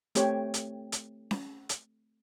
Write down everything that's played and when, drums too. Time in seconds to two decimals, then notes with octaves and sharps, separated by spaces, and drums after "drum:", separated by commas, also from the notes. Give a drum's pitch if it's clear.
0.15 A3 C4 G4 C5 C#5 G5, drum: hi-hat
0.54 drum: hi-hat
0.92 drum: hi-hat
1.31 drum: snare C#4
1.69 drum: hi-hat